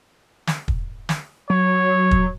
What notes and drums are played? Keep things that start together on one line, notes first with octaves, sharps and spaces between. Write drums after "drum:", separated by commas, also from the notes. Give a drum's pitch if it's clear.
drum: snare
drum: kick
drum: snare
F#3 C#5
drum: kick